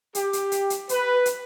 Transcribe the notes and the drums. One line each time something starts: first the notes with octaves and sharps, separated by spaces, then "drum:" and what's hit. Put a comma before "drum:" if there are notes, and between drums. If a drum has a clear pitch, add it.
G4, drum: hi-hat
drum: hi-hat
drum: hi-hat
drum: hi-hat
B4, drum: hi-hat
drum: hi-hat